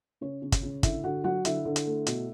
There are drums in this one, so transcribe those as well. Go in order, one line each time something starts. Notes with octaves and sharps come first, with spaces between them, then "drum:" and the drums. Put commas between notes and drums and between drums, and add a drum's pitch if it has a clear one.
C#3 C#4 C#5
C#3
drum: kick, hi-hat
C#3
D3 E4 E5, drum: kick, hi-hat
D3 F#4 F#5
F#3 F#4 F#5
D3 E4 E5, drum: hi-hat
D3
drum: hi-hat
A3
B2, drum: hi-hat